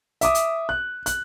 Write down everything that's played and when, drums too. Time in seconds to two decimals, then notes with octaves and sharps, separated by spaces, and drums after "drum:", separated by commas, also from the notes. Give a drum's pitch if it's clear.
0.21 E5 D6 D#6, drum: hi-hat
0.35 drum: hi-hat
0.69 F#6
1.06 F#6, drum: hi-hat